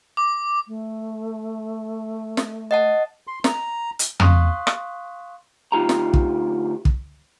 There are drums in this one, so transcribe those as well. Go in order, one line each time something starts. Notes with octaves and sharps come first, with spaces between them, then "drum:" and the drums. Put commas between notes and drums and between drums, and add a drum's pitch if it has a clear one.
D6
A3
drum: snare
D#5 F#5 A5
C6
A#5, drum: snare
drum: hi-hat
F5 C6 C#6 D#6 F#6, drum: tom
drum: rim click
D2 D#4 F4 G4 A#5
drum: snare
drum: kick
drum: kick